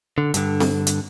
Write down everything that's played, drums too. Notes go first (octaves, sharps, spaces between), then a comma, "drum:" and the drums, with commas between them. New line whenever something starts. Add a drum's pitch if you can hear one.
D3
G2 D3, drum: hi-hat
drum: snare C4
drum: hi-hat